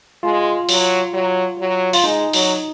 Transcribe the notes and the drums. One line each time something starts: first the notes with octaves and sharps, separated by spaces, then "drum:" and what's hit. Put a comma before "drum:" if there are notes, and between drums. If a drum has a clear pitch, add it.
G#3 F4
F#3, drum: open hi-hat
F#3
F#3
F4, drum: open hi-hat
G#3 D#4
F#3, drum: open hi-hat